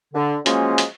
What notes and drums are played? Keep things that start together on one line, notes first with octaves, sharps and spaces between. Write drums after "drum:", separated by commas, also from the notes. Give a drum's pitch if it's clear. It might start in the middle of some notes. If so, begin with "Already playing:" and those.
D3
F3 F#3 G#3 A#3 C#4, drum: hi-hat
drum: hi-hat